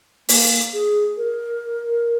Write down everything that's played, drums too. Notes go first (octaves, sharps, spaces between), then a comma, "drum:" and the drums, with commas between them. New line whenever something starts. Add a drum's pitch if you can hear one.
A#3, drum: open hi-hat
G#4
A#4